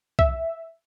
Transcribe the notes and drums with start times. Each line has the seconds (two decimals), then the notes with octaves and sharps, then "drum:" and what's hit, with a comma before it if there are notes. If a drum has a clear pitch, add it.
0.19 E5, drum: kick